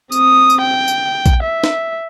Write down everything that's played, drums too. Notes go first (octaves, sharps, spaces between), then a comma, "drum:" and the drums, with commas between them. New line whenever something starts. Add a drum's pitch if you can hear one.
C4 D#6, drum: tambourine
drum: tambourine
G5
drum: tambourine
drum: kick A#1, tambourine
E5
drum: snare